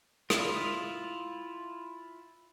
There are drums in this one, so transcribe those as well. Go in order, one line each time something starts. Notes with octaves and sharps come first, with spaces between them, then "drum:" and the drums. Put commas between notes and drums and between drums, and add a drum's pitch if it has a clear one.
E4 F4, drum: rim click